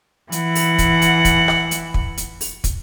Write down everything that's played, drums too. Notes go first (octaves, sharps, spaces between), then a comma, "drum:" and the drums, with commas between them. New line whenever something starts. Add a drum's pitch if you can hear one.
E3 F#5, drum: hi-hat
drum: open hi-hat
drum: kick, hi-hat
drum: hi-hat
drum: kick, hi-hat
drum: rim click
drum: hi-hat
drum: kick
drum: hi-hat
drum: open hi-hat
drum: kick, hi-hat